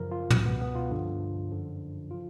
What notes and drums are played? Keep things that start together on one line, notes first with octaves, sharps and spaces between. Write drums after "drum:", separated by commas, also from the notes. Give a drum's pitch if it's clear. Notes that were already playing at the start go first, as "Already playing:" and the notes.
Already playing: F#2 C#3 F3 A#4
F4
C#2 B2 B3, drum: tom
B3
B3
F4
G2 D3 F3
F#2 D3 F3
C#3 F3 F4